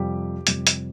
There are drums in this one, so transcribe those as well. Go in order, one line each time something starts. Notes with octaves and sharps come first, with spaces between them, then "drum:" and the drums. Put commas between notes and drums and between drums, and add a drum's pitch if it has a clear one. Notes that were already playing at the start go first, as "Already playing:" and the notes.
Already playing: F2 C3 G3 G4
F2 C3 G3, drum: hi-hat
drum: hi-hat